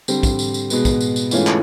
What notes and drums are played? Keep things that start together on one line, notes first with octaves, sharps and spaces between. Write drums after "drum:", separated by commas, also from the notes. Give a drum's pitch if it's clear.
D3 G3 C4, drum: tambourine
drum: kick, tambourine
drum: tambourine
drum: tambourine
B2 G#3 B3, drum: tambourine
drum: kick, tambourine
drum: tambourine
drum: tambourine
G#2 E3 A3 C#4 F4, drum: tambourine
drum: clap